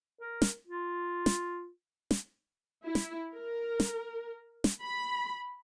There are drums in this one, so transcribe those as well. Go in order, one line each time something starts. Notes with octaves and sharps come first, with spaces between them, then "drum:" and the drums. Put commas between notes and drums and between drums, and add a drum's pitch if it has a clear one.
A#4
drum: snare
F4
drum: snare
drum: snare
E4
drum: snare
A#4
drum: snare
drum: snare
B5